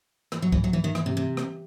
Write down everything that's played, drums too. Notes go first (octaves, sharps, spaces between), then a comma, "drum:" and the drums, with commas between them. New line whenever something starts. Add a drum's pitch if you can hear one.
E3, drum: rim click
F#3
E3, drum: kick C2
F#3
E3
D#3
E3, drum: rim click
C3
C3
drum: rim click